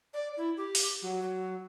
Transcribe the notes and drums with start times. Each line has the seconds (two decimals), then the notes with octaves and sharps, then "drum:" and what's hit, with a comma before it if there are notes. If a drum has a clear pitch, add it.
0.14 D5
0.37 E4
0.57 G4
0.75 drum: open hi-hat
1.02 F#3
1.22 F#3